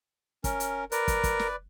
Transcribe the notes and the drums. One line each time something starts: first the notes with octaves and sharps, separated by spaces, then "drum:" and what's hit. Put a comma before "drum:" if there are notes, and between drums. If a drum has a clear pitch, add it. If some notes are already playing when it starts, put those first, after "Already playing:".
C#4 A#4, drum: kick, hi-hat
drum: hi-hat
A#4 B4 D5, drum: hi-hat
drum: kick, hi-hat
drum: kick, hi-hat
drum: snare